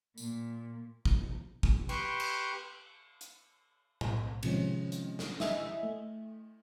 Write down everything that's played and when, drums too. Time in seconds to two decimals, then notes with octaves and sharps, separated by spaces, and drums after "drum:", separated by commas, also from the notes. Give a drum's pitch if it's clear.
0.18 A#2, drum: tambourine
1.05 drum: kick
1.63 drum: kick
1.89 G4 B4 G5 C6 C#6, drum: cymbal
2.20 drum: cymbal
3.21 drum: hi-hat
4.01 B1 A2, drum: tom A2
4.43 C3 D#3 F3 G#3 C4 C#4, drum: cymbal
4.92 drum: hi-hat
5.19 drum: snare
5.40 E4 D#5 E5 G#5, drum: snare
5.83 A3